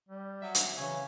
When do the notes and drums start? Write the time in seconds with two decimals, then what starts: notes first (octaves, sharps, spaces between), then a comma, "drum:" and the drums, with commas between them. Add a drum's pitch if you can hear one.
0.08 G3
0.42 F#3 E5
0.55 drum: hi-hat
0.77 C#3 E3 C#4